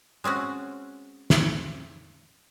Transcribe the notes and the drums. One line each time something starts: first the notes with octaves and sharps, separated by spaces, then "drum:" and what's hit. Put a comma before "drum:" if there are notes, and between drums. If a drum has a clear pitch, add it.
G#3 C4 C#4 F#4
drum: snare